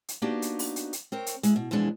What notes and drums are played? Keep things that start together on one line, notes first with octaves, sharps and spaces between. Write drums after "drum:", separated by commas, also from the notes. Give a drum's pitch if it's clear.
drum: hi-hat
A#3 B3 D4 D#4 F#4 G4
drum: hi-hat
drum: open hi-hat
drum: hi-hat
drum: hi-hat
C4 A#4 C#5
drum: hi-hat
G#3 E4, drum: hi-hat
B2
F2 B2 E3 G#3 D4